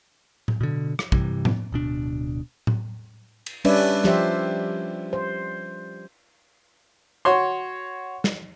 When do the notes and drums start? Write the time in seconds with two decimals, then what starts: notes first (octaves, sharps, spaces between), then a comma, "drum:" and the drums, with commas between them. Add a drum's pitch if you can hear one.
0.48 drum: tom A2
0.61 B2 D3
0.99 drum: rim click
1.12 G2 C3 E3 G3, drum: kick
1.45 drum: tom A2
1.72 D1 B2 D4
2.67 drum: tom A2
3.46 drum: cymbal
3.65 G3 C#4 D4 B4 D5 E5, drum: cymbal
4.04 F3 G4 C5 E5, drum: snare
5.13 C5
7.25 F#4 C#5 C6
8.24 drum: snare